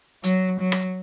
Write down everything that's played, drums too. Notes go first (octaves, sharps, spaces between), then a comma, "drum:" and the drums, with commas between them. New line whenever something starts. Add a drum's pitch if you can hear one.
F#3, drum: hi-hat
F#3
drum: rim click